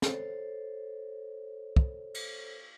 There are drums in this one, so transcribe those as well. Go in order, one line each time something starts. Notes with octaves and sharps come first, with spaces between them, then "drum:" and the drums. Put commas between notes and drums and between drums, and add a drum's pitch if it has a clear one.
A4 C5 C#5, drum: snare
drum: kick
drum: cymbal